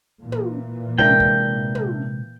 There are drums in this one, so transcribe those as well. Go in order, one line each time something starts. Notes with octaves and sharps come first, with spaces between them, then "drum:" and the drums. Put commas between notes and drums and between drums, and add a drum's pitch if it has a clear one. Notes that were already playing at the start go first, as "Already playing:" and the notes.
A#2 E3
drum: tom
C3 G#3 D4 A#4 E5 G5, drum: tom
drum: kick
drum: tom